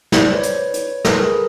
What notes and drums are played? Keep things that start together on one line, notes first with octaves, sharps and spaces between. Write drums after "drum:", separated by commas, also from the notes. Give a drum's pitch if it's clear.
C5 D5, drum: snare
C5 D5
B4 C#5
drum: hi-hat
drum: hi-hat
A4 B4, drum: snare
G#4 A#4